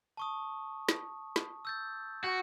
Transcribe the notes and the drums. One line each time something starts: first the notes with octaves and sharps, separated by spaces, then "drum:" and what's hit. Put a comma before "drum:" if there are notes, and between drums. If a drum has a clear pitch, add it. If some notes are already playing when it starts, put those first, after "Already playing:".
A5 C#6 D#6
drum: snare
drum: snare
E6 G6 A6
F#4